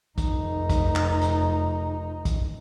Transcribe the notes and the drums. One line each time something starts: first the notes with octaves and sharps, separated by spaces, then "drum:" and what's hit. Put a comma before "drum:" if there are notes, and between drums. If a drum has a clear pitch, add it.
F1 D#4, drum: kick, hi-hat
drum: kick, hi-hat
drum: clap
drum: hi-hat
drum: kick, hi-hat